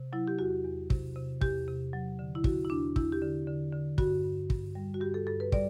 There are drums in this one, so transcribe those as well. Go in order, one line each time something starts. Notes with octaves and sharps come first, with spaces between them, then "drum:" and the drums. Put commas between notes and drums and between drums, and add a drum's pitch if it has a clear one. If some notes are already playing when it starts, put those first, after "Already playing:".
Already playing: C3
F#3 E4
G4
E2 F#4
E2
C3, drum: kick
C3
E2 G4, drum: kick
C3
F#3
D3
E4
E2 F#4, drum: kick
E4
E2 D4
E2 E4, drum: kick
G4
D3
D3
D3
G2 F#4, drum: kick
G2
G2, drum: kick
G3
F#4
G2 G4
A4
G2 A4
B4
G3 D5, drum: kick